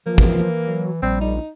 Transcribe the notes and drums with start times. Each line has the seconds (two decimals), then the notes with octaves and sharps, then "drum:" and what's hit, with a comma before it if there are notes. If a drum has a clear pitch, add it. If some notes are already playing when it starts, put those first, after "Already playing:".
0.06 E3 F3 A#3
0.18 drum: kick
0.67 F#3
1.02 A#1 G3 C4
1.21 D#4